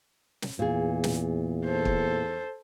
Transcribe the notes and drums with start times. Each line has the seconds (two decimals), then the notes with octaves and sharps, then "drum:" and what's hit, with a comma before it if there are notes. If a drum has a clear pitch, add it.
0.42 drum: snare
0.59 E2 A#2 G#4
1.04 drum: snare
1.65 A4 C5
1.85 drum: kick